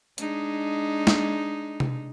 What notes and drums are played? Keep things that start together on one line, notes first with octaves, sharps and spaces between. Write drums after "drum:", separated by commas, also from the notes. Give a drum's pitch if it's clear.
G#3 D4 D#4, drum: hi-hat
drum: snare
drum: tom C3